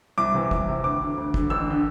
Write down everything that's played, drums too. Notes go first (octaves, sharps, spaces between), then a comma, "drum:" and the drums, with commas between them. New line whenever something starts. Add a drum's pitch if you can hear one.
C2 D6
C3 E3
C2, drum: kick
C3 E3
D2 D6
D3
D2
D3, drum: kick
A1 E6
D3